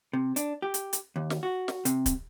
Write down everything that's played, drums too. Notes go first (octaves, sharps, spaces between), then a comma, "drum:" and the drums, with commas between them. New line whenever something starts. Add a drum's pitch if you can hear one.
C3
D4, drum: hi-hat
G4
drum: hi-hat
drum: hi-hat
D#2
drum: snare
F#4
drum: snare
C3, drum: hi-hat
drum: kick D1, hi-hat